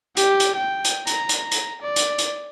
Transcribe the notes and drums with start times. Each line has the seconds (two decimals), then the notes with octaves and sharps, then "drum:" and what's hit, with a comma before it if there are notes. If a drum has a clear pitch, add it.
0.17 G4, drum: hi-hat
0.40 drum: hi-hat
0.56 G5
0.84 drum: hi-hat
1.07 A#5, drum: hi-hat
1.29 drum: hi-hat
1.39 A#5
1.51 drum: hi-hat
1.82 D5
1.96 drum: hi-hat
2.18 drum: hi-hat